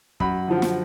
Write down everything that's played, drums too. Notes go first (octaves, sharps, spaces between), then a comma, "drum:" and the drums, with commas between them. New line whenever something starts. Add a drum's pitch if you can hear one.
F#2 B5, drum: kick
D3 F3
drum: snare